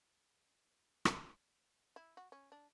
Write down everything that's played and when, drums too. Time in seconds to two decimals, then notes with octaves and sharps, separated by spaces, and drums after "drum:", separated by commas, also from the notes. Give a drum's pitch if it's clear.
1.05 drum: rim click
1.96 E4
2.17 F#4
2.32 C#4
2.52 D4